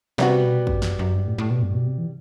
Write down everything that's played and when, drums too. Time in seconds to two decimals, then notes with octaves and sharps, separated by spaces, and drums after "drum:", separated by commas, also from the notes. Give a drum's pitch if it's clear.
0.18 C3 G3 B3 F#4, drum: snare
0.43 B2
0.67 G2, drum: kick
0.82 F#2, drum: snare
0.99 F#2
1.15 G2
1.27 A2
1.38 A2
1.50 B2
1.63 G2
1.74 B2
1.87 C3
1.98 E3